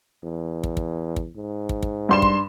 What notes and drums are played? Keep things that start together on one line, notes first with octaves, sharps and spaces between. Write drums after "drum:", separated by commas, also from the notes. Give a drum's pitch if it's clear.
E2
drum: kick
drum: kick
drum: kick
G#2
drum: kick
drum: kick
G2 C6 E7
drum: kick